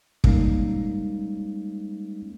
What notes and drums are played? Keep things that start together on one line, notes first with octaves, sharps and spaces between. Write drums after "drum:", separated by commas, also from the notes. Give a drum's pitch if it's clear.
G3 G#3 A#3 C#4 D#4, drum: kick